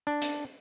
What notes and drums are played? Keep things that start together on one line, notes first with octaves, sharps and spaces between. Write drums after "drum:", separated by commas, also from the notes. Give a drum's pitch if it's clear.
D4
drum: hi-hat